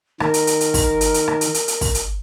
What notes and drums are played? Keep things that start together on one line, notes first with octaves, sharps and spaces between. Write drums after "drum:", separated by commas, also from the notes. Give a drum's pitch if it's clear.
D#3 A#4, drum: rim click
drum: hi-hat
drum: hi-hat
drum: hi-hat
drum: kick, open hi-hat
drum: hi-hat
drum: hi-hat
drum: rim click
drum: hi-hat
drum: hi-hat
drum: hi-hat
drum: kick, open hi-hat
drum: hi-hat